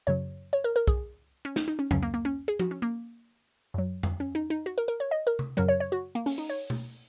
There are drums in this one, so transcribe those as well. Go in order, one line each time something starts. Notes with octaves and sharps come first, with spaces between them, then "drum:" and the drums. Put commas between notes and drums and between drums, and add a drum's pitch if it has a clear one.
F#2 C#3 F#3 C#5
C#5
A#4
A#4
G#4, drum: kick
C#4
D#4, drum: snare
D#4
C#4
C#2 C#3 F#3 C#4, drum: tom F2
A#3
A#3
C#4
G#4
F#4, drum: tom F3
C#4
A#3
F#2 F#3
drum: tom F2
C#4
D#4
D#4
F#4
A#4
A#4
C#5
D#5
A#4
drum: tom C3
F#2 C#3 F#3 A#4
C#5
C#5
F#4
A#3
C#4, drum: open hi-hat
D#4
C#5
drum: tom B2